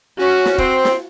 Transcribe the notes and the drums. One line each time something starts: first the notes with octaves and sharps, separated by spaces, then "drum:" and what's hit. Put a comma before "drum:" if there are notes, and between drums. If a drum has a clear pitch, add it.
C#4 F#4
drum: snare
C4, drum: kick
drum: snare